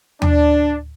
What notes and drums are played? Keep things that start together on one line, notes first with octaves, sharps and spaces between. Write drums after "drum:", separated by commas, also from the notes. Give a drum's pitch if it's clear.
D4, drum: tom